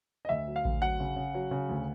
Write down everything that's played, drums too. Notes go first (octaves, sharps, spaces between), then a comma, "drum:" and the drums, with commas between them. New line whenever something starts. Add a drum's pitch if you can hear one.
D#5
D2 E5
F#3
F5
D2, drum: kick A1
F#3 F#5
C#3
C#3
F#3
C#3
D2